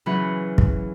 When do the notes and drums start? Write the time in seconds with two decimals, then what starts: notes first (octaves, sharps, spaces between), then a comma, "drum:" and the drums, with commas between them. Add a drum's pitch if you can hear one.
0.06 C#3 E3 F#3 C#4 F#5 B5
0.58 drum: kick